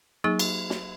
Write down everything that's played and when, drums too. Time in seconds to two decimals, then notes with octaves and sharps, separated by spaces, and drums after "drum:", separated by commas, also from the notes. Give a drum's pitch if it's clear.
0.24 F#3 A#3 D#4 G#4 C#6
0.39 drum: cymbal
0.70 drum: snare